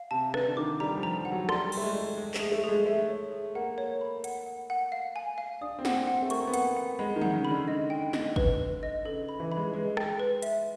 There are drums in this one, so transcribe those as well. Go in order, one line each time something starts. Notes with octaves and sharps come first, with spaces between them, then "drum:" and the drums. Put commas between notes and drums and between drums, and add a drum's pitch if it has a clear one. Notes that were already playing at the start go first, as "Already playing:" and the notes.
Already playing: F5
C3 A5
D3 B4, drum: rim click
D3
D#3 D6
G3 A#5
F3
A#5
F3
F#5
F#3
G3 C6, drum: rim click
C6, drum: cymbal
A3
G#3
D5
G#3 G#4
A3, drum: clap
G#4
A3
G#4
G#3
A3 E5
C#5
G#4
A#3 F#5
C#5
B5
F#5, drum: hi-hat
F#5
F#5
F5
G#5
F5
D4 D#6
C4
F#5, drum: snare
F#5
C4
A3
A#3 C#6, drum: hi-hat
B3
F#5, drum: hi-hat
F#5
G#3 B5
D#3
F#5, drum: tom
C#3
B5
D3
D#5
G5
D#5, drum: snare
B4, drum: kick
B4
D#5
C#3 A4
B5
E3
B5
G#3
G#3 B4
G5, drum: rim click
B4
E5, drum: hi-hat